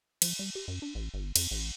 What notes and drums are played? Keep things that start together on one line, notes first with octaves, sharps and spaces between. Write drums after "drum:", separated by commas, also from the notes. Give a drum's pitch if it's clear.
F3, drum: cymbal
G3
G4
F#2
D4
A1
G1
F2, drum: cymbal
A1